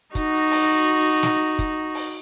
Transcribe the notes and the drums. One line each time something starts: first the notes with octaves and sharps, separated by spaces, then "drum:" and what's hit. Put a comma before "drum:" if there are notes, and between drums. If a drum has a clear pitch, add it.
D#4 F#4, drum: kick, hi-hat
drum: open hi-hat
drum: snare
drum: kick, hi-hat
drum: open hi-hat